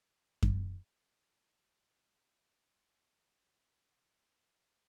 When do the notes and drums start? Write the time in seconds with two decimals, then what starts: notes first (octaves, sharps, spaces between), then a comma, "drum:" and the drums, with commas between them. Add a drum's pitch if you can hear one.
0.08 A#4 F5
0.43 drum: kick F#2
2.79 F4 G#4 C#6
3.03 G#1 E2 C3 D#6
4.07 D3 E3 C#4 D#4
4.49 D#5 B5 C6